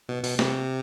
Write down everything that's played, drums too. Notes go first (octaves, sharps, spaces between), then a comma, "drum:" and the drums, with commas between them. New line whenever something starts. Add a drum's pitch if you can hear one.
B2
B2, drum: open hi-hat
C3, drum: snare A#3